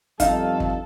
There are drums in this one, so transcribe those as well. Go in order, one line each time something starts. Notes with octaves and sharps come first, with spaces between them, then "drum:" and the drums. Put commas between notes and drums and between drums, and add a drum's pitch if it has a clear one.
F2 B2 G3 D#4 A4 F5, drum: kick, hi-hat
drum: kick